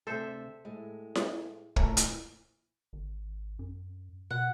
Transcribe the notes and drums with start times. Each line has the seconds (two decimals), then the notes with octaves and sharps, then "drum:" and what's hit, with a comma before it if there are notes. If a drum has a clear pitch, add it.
0.07 D2 C3 A4 C5 E5
0.65 A2 G#3
1.15 drum: snare E4
1.76 F2 A#2 E3 A3 A#4, drum: kick
1.97 drum: hi-hat
2.93 G#1
3.59 F#2
4.31 B2 F#5